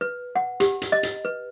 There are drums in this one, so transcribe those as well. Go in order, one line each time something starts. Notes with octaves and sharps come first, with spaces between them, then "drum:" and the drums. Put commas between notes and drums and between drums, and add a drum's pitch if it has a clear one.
B4
F#5
G4, drum: hi-hat
drum: hi-hat
D#5
drum: hi-hat
B4